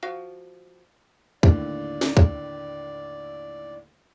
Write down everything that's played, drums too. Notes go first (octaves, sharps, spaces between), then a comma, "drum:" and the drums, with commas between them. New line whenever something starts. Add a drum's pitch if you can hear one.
F3 F#4 F5
D#2 A2 D3 D5, drum: kick C#2
drum: snare
drum: kick C#2